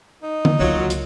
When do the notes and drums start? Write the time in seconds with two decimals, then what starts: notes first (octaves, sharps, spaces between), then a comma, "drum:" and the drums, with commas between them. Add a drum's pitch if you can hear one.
0.22 D#4
0.45 drum: tom D3
0.60 C#2 F#3 A#3 F4
0.90 drum: hi-hat